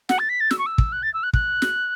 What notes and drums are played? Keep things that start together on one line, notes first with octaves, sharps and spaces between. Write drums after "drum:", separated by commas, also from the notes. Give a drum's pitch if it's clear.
F#5, drum: snare
A6
B6
A6
E6, drum: snare
C#6
E6
drum: kick
F#6
A6
E6
F#6
F#6, drum: kick
drum: snare